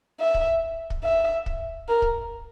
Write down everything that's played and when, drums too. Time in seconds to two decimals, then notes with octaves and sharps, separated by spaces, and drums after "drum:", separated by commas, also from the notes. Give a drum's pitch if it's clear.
0.20 E5
0.34 drum: kick
0.90 drum: kick
1.04 E5
1.46 drum: kick
1.88 A#4
2.02 drum: kick